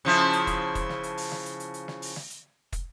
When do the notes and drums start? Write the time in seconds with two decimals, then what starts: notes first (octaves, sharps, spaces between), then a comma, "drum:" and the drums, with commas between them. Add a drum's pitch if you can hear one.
0.05 C#3 F3 E4
0.33 drum: hi-hat
0.47 drum: kick, hi-hat
0.75 drum: kick, hi-hat
0.89 drum: snare
1.03 drum: hi-hat
1.17 drum: open hi-hat
1.32 drum: snare
1.46 drum: hi-hat
1.60 drum: hi-hat
1.74 drum: hi-hat
1.88 drum: snare
2.02 drum: open hi-hat
2.16 drum: snare
2.30 drum: hi-hat
2.72 drum: kick, hi-hat